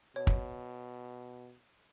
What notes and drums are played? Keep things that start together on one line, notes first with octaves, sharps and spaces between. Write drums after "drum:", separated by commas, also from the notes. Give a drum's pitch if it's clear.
B2 C#5
drum: kick